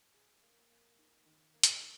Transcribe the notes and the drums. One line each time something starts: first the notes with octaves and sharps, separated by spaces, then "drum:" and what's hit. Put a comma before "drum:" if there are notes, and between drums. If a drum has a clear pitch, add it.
G#4
A#3
A#3
D#4
D#3
A#3
drum: hi-hat
D#4